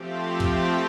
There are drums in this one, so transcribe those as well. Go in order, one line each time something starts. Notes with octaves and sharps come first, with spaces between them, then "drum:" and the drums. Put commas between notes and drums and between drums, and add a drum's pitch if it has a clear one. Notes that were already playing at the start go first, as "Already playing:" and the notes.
Already playing: F3 A3 C4 G4
drum: kick